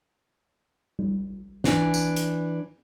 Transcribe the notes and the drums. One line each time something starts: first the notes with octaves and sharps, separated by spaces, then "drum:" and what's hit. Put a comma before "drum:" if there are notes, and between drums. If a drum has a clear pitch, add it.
drum: tom G3
E3 D4, drum: snare
drum: tambourine
drum: hi-hat